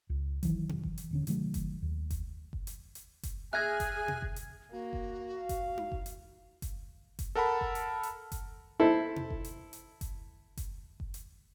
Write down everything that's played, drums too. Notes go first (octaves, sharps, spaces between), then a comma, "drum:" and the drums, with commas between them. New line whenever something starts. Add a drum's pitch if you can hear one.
C#2
D#3 E3 F#3, drum: kick F#1, hi-hat
drum: tom B2
drum: kick F#1
drum: hi-hat
D#1 D3 C#4
C3 D#3 F#3 A3, drum: hi-hat
drum: kick F#1, hi-hat
D#2
drum: kick F#1, hi-hat
drum: kick F#1
drum: hi-hat
drum: hi-hat
drum: kick F#1, hi-hat
G#4 E5 G#5 F6 F#6 G#6 A#6
drum: kick F#1, hi-hat
drum: tom B2
drum: kick F#1
drum: hi-hat
A#3 F#4
drum: kick F#1
F5
drum: kick F#1, hi-hat
drum: tom D#4
drum: kick F#1
drum: hi-hat
drum: kick F#1, hi-hat
drum: kick F#1, hi-hat
A4 A#4 F#5 A5 B5
drum: kick F#1
drum: hi-hat
drum: hi-hat
drum: kick F#1, hi-hat
E4 A4 C5
drum: tom B2
drum: kick F#1
drum: hi-hat
drum: hi-hat
drum: kick F#1, hi-hat
drum: kick F#1, hi-hat
drum: kick F#1
drum: hi-hat